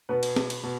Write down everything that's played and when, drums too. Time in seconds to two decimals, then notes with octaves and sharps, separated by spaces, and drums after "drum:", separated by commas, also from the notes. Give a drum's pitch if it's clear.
0.09 B2 B3 B4
0.23 drum: cymbal
0.36 drum: snare C4
0.50 drum: cymbal
0.63 B2